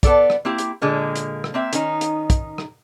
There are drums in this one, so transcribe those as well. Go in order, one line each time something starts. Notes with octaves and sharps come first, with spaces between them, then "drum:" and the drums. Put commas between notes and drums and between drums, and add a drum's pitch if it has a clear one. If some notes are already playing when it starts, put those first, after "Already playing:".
B3 A4 D5, drum: kick, hi-hat
drum: rim click
A#3 C4 E4 G4
drum: hi-hat
A#2 D3 G#3 A#3
drum: hi-hat
drum: rim click
A#3 C4 E5
D#3 C#4 D#4, drum: hi-hat
drum: hi-hat
drum: kick, hi-hat
drum: rim click